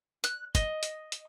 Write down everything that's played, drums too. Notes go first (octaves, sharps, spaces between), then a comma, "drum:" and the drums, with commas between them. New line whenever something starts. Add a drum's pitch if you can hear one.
F#6, drum: hi-hat
D#5, drum: kick, hi-hat
drum: hi-hat
drum: hi-hat